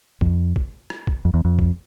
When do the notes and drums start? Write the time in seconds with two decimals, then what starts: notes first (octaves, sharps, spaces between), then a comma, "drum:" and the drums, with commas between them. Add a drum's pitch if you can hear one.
0.21 F2, drum: kick
0.56 drum: kick
0.90 drum: rim click
1.07 drum: kick
1.25 F2
1.34 E2
1.45 F2
1.59 drum: kick